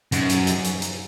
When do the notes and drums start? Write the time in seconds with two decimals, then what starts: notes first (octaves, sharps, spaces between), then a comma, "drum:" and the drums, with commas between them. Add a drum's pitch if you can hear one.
0.12 F#2, drum: hi-hat
0.30 drum: hi-hat
0.47 drum: hi-hat
0.64 drum: hi-hat
0.82 drum: hi-hat